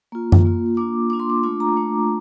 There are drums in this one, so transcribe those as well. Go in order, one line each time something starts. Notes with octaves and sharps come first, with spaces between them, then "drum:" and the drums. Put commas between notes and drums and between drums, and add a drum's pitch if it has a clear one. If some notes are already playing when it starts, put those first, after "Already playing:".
A#3 F4
drum: tom F#2
A#3 F4
A#3 D4 F4 D6
A#3 D4 F4 D6
C6
D6
A3 D4 F4 D6
A#5
A3 D4 F4